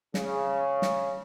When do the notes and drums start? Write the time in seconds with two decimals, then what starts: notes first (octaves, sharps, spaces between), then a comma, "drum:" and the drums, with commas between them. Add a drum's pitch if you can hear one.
0.14 C#3, drum: snare
0.82 drum: snare